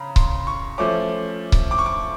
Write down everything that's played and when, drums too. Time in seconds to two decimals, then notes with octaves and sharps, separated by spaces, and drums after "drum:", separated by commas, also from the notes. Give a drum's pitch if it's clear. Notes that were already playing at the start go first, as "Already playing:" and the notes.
Already playing: C#3 A#5 B5
0.16 C6, drum: kick C#1
0.47 C#6
0.78 F3 A3 C#4 D6
1.52 drum: kick C#1
1.71 D6
1.79 C#6
1.86 D6